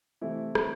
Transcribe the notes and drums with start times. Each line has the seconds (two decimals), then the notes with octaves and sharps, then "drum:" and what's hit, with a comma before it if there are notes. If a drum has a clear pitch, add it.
0.21 C3 E3 A3 E4
0.55 drum: rim click